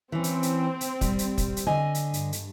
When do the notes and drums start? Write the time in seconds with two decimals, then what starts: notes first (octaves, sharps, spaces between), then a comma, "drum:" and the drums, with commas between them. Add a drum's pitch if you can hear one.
0.12 E3 C4 C#4
0.24 drum: hi-hat
0.43 drum: hi-hat
0.81 drum: hi-hat
1.01 G3, drum: kick, hi-hat
1.19 drum: hi-hat
1.38 drum: kick, hi-hat
1.57 drum: hi-hat
1.67 D3 D#5 G#5
1.95 drum: hi-hat
2.14 G2, drum: hi-hat
2.33 drum: hi-hat